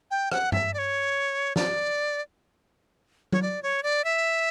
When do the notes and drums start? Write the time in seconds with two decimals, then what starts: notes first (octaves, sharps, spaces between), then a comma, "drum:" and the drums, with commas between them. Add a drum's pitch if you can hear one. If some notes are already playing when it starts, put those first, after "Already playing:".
0.11 G5
0.32 F#5, drum: rim click
0.52 E5, drum: tom G2
0.74 D5
0.78 C#5
1.56 D5, drum: snare
3.33 C#5, drum: tom F#3
3.42 D5
3.63 C#5
3.83 D5
4.04 E5